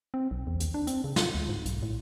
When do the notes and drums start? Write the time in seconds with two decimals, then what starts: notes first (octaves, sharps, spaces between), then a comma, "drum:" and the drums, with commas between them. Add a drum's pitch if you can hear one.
0.14 C4
0.31 B1
0.47 E2
0.60 D#2, drum: hi-hat
0.74 D4
0.87 C4, drum: hi-hat
1.04 C#3
1.16 F4, drum: snare
1.34 D2
1.49 G#2
1.66 B1, drum: hi-hat
1.83 A2